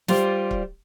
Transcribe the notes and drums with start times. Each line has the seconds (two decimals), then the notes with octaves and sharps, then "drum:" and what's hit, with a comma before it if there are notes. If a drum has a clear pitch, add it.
0.08 G3 F4 C5 D5, drum: snare
0.51 drum: kick